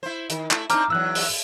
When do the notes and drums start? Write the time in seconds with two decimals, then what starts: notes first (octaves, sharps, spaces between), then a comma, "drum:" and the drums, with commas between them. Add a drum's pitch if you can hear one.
0.03 E4 C5
0.30 D#3, drum: hi-hat
0.51 A3 E4, drum: clap
0.70 C4 D4 D#4 A#5 D6 F6, drum: hi-hat
0.90 E2 F#3 E6 F#6
1.15 drum: open hi-hat